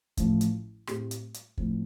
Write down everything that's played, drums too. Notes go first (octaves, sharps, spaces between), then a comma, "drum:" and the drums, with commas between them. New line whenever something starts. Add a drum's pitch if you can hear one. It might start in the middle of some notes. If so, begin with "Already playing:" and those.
A1 A2 F3 A3, drum: kick, hi-hat
drum: hi-hat
A2 A3 C4 G4, drum: rim click
drum: hi-hat
drum: hi-hat
A2 F3 C4, drum: kick